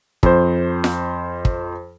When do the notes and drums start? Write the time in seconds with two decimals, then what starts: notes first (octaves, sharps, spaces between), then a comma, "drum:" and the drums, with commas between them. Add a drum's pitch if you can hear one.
0.23 F2 C5, drum: kick
0.84 drum: snare F4
1.45 drum: kick